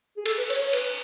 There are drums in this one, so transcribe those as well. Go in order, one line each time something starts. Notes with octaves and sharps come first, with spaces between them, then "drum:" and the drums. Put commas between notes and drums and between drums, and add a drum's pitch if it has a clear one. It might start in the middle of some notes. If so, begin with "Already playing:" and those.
G#4
A4, drum: cymbal
B4
C#5, drum: cymbal
C#5
B4, drum: cymbal